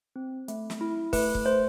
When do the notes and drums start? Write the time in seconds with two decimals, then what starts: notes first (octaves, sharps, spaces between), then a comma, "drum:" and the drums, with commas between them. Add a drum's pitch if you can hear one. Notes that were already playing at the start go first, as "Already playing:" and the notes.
0.16 C4
0.48 A3, drum: hi-hat
0.70 drum: snare
0.81 E4
1.13 A3 B4, drum: kick, open hi-hat
1.35 drum: kick
1.45 A3 C5